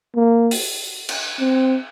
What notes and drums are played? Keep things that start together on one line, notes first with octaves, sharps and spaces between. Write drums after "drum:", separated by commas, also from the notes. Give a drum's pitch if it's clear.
A#3
drum: open hi-hat
drum: cymbal
C4